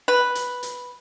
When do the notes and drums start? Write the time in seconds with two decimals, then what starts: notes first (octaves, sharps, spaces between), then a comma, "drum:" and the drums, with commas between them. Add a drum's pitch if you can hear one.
0.08 B4
0.35 drum: hi-hat
0.63 drum: hi-hat